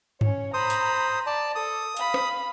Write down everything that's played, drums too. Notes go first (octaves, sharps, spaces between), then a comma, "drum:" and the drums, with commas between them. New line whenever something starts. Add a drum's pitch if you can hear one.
C#4 C#5, drum: tom G2
C5 A#5 B5 D#6
drum: hi-hat
D5 A5
A4 D#6
F5 B5, drum: hi-hat
drum: rim click